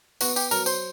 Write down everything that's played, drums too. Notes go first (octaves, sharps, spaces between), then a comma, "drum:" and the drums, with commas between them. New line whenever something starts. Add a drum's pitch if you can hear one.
B3 F#4, drum: tambourine
G4, drum: tambourine
F#3 A#4, drum: tambourine
C5, drum: tambourine